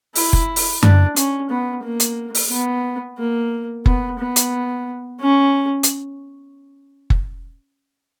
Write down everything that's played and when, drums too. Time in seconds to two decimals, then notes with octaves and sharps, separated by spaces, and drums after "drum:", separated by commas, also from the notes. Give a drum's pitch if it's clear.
0.15 E4, drum: open hi-hat
0.33 drum: kick F#1
0.56 drum: open hi-hat
0.83 D4, drum: tom F#2
1.16 C#4, drum: hi-hat
1.50 B3
1.84 A#3
2.00 drum: hi-hat
2.35 drum: open hi-hat
2.51 B3
3.18 A#3
3.86 B3, drum: kick F#1
4.19 B3
4.36 drum: hi-hat
5.20 C#4
5.83 drum: hi-hat
7.10 drum: kick F#1